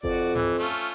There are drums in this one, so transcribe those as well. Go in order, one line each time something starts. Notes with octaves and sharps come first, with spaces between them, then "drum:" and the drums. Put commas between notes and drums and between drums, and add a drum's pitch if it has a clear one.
F2 F#4 D5, drum: kick G1
E3, drum: tom G#2
A3 C#4 F4